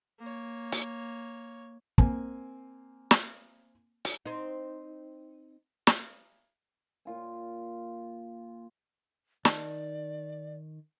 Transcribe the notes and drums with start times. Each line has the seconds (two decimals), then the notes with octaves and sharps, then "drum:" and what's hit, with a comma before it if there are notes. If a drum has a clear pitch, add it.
0.19 A#3 C#5
0.72 drum: hi-hat
1.98 A#3 C4 G#5, drum: kick
3.11 drum: snare
4.05 drum: hi-hat
4.25 C4 D#4
5.87 drum: snare
7.05 A#2 F4 G#5
9.45 D#3 D5 A5, drum: snare